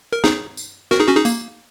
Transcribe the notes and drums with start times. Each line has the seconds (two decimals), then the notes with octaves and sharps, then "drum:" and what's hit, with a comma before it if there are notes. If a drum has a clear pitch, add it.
0.13 A#4
0.24 D#4 G#4, drum: snare
0.57 drum: tambourine
0.91 F#4 A#4, drum: snare
1.00 D#4 G#4
1.08 C#4 F#4
1.16 D#4 G#4
1.25 A#3, drum: tambourine